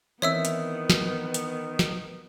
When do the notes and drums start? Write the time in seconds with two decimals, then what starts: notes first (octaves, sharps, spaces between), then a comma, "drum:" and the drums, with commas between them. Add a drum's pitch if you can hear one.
0.22 D#3 E3 B3 C4 C#5 E5 E6
0.45 drum: hi-hat
0.90 drum: snare
1.34 drum: hi-hat
1.79 drum: snare